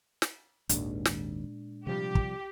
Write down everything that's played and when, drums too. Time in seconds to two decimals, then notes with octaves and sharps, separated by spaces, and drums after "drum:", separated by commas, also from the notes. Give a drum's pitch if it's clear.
0.22 drum: snare
0.69 G#1 D#2 A#2 G#3 D4, drum: hi-hat
1.05 drum: snare
1.87 C3 F3 G3 G4
2.15 drum: kick